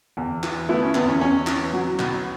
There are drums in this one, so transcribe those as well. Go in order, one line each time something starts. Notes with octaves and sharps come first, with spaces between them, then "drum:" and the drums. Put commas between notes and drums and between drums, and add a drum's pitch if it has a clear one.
E2
E3, drum: clap
A3 B3 E4
C#4
E2 B3, drum: clap
C#4
E2 C#4
E3, drum: clap
F#3
B1, drum: clap